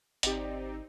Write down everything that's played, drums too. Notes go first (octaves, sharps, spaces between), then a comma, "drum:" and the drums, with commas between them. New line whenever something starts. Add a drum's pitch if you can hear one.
G#1 C4 D#4 G4 D5, drum: hi-hat